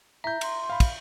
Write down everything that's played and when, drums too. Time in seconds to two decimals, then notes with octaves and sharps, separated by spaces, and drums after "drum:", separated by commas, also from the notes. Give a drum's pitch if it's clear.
0.24 E4 E5 A#5 G6
0.41 C6, drum: cymbal
0.70 F5 B5
0.80 drum: kick, cymbal